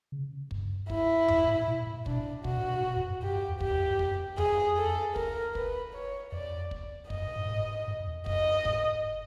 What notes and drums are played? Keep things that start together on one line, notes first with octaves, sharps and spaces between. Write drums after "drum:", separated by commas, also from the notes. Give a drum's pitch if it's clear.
C#3
G2, drum: kick
E4, drum: kick
G#2, drum: tom E2
A2
A#2
A2
B2 D4, drum: kick
B2 F#4, drum: kick
A2
A#2
A#2
F2
G2
G2 G4
F#2
E2
F2 G4, drum: kick
E2
F2
F#2
F2, drum: kick
F2 G#4, drum: tom E2
A4
A#4, drum: kick
B4, drum: kick
C#5
F2 D5
drum: kick
F#2 D#5, drum: kick
G2
G#2
A2
G#2
G#2
G2
E2
F2
F#2 D#5, drum: kick
G#2, drum: kick